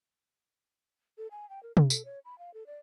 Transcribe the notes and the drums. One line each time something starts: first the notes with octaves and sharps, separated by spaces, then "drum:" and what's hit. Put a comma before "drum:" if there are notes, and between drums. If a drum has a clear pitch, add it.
A4
G#5
G5
A#4
D4, drum: tom
A4, drum: tambourine
C#5
B5
F5
A4
D5